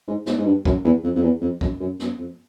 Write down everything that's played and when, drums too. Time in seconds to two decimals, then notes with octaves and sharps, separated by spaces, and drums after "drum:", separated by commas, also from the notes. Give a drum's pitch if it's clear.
0.08 G#2
0.26 G#2, drum: snare
0.38 G#2
0.46 G2
0.65 F#2, drum: kick
0.84 E2
1.04 F2
1.16 F2
1.23 E2
1.41 F2
1.61 F#2, drum: kick
1.80 F#2
2.00 F#2, drum: snare
2.18 F2